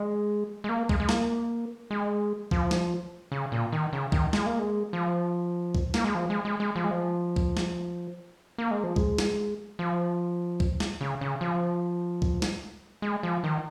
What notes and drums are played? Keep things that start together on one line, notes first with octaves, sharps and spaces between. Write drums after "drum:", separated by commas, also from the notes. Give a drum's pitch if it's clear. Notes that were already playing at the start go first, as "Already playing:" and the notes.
Already playing: G#3
G#3
A#3
G#3, drum: kick
G#3
A#3, drum: snare
G#3
F3, drum: kick
drum: snare
C#3
A#2
D#3
C#3
D#3, drum: kick
G#3, drum: snare
A#3
G#3
F3
drum: kick
A#3, drum: snare
G#3
F3
G#3
G#3
G#3
F3
G#3
F3
drum: kick
drum: snare
A#3
G#3
F3
G#3, drum: kick
drum: snare
F3
drum: kick
drum: snare
C#3
C#3
F3
drum: kick
drum: snare
G#3
F3
D#3